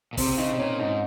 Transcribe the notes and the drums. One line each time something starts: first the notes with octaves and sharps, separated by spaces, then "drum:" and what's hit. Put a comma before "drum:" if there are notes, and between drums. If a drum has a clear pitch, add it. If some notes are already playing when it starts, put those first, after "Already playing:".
A#2
C3 C4, drum: kick, open hi-hat
C3
C#3 D#4
C3
A#2 C#4
G#2 D#4